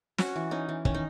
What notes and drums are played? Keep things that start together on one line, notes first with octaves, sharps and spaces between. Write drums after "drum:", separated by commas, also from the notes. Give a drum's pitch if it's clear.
C#4 F#4, drum: snare
E3
C#4 D#4
E3
D#3 C#4, drum: kick
D#4